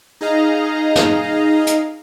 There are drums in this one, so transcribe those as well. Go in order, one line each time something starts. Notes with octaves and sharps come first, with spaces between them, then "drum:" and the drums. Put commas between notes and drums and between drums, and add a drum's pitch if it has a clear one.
D#4 G#4 D#5 F5 A#5
drum: snare
drum: hi-hat